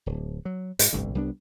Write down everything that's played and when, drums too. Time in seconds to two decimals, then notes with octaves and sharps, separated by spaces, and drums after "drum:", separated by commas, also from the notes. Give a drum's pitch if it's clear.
0.06 D1
0.45 F#3
0.79 G#2, drum: hi-hat
0.93 G1 C2 A2 D3
1.15 C2 G3 B3 D4